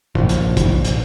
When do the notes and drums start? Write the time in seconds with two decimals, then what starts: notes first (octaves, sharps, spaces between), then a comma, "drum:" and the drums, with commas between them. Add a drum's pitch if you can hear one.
0.15 A#1, drum: kick
0.29 drum: hi-hat
0.57 drum: kick, hi-hat
0.85 drum: hi-hat